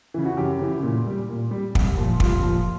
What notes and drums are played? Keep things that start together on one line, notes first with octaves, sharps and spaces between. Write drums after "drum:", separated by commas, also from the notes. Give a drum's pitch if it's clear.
C#3 E3
F#4
F#2 G4
C#3 E3
A#2
G3
A#2
G3
C2, drum: kick
A#2 F3
C2 F4, drum: kick
A#2 F3